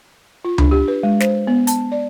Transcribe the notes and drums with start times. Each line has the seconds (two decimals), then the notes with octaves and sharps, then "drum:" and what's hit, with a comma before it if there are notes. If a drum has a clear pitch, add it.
0.45 F4
0.58 D4, drum: tom C#2
0.71 G4
0.88 B4
1.03 G#3
1.20 C5, drum: snare
1.47 B3
1.67 A5, drum: hi-hat
1.92 D5